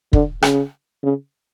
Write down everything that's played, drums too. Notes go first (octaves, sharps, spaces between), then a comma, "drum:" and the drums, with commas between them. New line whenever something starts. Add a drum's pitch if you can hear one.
D3, drum: kick
C#3, drum: rim click
C#3